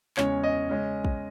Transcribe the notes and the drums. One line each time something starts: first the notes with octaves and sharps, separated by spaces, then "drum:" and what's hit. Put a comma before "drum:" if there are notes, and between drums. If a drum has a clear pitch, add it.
E2 C#3 G#3 C#4 C#5, drum: clap
D#5
C#3 G#3 C#4
drum: kick A#1